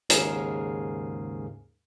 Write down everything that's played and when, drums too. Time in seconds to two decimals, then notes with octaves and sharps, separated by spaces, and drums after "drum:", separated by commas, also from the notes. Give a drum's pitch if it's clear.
0.10 D#2 G#2 C#3 G#4 A#4 C7, drum: hi-hat